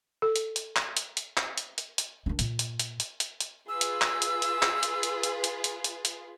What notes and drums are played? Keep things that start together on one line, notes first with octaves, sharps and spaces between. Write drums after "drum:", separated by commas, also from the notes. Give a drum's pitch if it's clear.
A4
drum: hi-hat
drum: hi-hat
drum: clap
drum: hi-hat
drum: hi-hat
drum: clap
drum: hi-hat
drum: hi-hat
drum: hi-hat
D#3 D4
A#2, drum: hi-hat
drum: hi-hat
drum: hi-hat
drum: hi-hat
drum: hi-hat
drum: hi-hat
F4 G#4 B4 E6
drum: hi-hat
drum: clap
drum: hi-hat
drum: hi-hat
drum: clap
drum: hi-hat
drum: hi-hat
drum: hi-hat
drum: hi-hat
drum: hi-hat
drum: hi-hat
drum: hi-hat